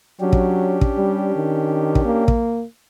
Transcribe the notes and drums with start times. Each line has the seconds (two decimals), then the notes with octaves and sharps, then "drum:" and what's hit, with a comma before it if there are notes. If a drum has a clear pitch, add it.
0.20 F#3 C#4 D4 G4
0.33 drum: kick
0.81 drum: kick
0.98 G3
1.36 D#3
1.95 drum: kick
2.05 A#3
2.28 drum: kick